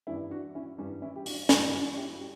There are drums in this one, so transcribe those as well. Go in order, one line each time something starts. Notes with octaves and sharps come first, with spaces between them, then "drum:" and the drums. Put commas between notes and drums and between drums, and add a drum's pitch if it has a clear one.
G2 E3 G3 C#4 E4
D4 F#4
C#4 E4
G2 E3 G3 C#4
C#4 E4
G4
D4 F#4, drum: open hi-hat
G2 E3 G3 D4 F#4, drum: snare
D4 F#4
E4 G4
F#4
G4